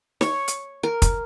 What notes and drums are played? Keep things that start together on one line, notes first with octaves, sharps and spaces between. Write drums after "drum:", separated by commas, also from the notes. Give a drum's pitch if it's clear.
C#5, drum: snare
drum: hi-hat
A#4
drum: kick, hi-hat